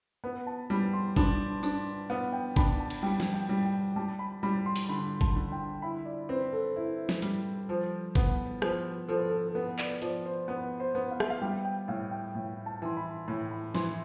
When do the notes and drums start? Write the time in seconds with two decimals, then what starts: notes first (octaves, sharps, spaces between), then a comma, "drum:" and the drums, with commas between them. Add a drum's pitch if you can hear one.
0.24 B3 B4
0.47 A5
0.70 G3 B5
0.93 C6
1.16 D4 B5, drum: kick G1
1.63 D4, drum: tambourine
2.10 B3 F5
2.33 G5
2.56 D4 B5, drum: kick G1
2.80 A5
2.90 drum: cymbal
3.03 G3 G5
3.20 drum: snare
3.34 G5
3.49 G3
3.65 G5
3.96 G3 A5
4.19 B5
4.43 G3 B5
4.66 C6
4.76 drum: open hi-hat
4.89 D3 B5
5.21 A5, drum: kick G1
5.36 D3
5.52 G5
5.82 E4 B5
6.06 D5
6.29 C4 B4
6.53 A4
6.76 E4
7.09 drum: snare
7.22 G3, drum: hi-hat
7.69 F3
8.15 B3, drum: kick G1
8.62 F3 B4, drum: rim click
9.08 F3 A4
9.19 B4
9.29 A4
9.48 A4
9.55 B3 B4
9.78 D5, drum: clap
10.02 F3 D5, drum: hi-hat
10.25 C5
10.48 B3 B4
10.80 C5
10.95 B3
11.11 F5
11.20 E5, drum: rim click
11.30 F5
11.41 G3 G5
11.65 G5
11.88 A2 F5
12.11 G5
12.35 A2
12.66 A5
12.82 E3 C6
12.97 B5
13.28 A2 B5
13.51 B5
13.75 E3 C6, drum: snare